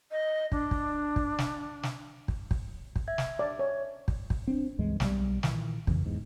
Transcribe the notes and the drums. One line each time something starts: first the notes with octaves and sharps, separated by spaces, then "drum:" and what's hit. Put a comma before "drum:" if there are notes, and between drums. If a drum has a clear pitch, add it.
D#5
D4, drum: kick
drum: kick
drum: kick
drum: snare
drum: snare
drum: kick
drum: kick
drum: kick
E5 G#6
drum: snare
D5
C#5
drum: kick
drum: kick
C4 D4
C#2 G2 E3 G#3
B1 F#3 G3, drum: snare
A#2 D#3 E3, drum: snare
F#1 F2 C#3 E3, drum: kick
E2 G#2